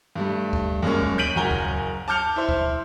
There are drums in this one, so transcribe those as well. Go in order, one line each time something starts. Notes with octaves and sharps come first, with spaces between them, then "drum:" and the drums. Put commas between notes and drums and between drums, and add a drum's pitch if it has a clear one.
G2 G3 A3
drum: kick D2
F#2 G#3 A#3 C#4
drum: kick D2
G6 B6 D7 D#7 F#7
F#1 F#2 F#4 G#5 A#5 G7
drum: kick D2
A5 D6 F6 G6 C#7 F7
E4 C5
drum: kick D2